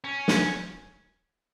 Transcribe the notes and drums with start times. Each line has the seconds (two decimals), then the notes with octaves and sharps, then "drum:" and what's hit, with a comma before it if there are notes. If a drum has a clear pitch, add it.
0.04 C#4
0.28 drum: snare